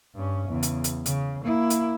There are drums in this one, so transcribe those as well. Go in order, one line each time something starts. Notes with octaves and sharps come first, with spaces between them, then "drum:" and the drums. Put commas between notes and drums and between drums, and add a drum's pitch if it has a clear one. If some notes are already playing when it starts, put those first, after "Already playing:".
G2 C#4
E2 C#3
drum: hi-hat
drum: hi-hat
C#3, drum: hi-hat
A#3 E4
drum: hi-hat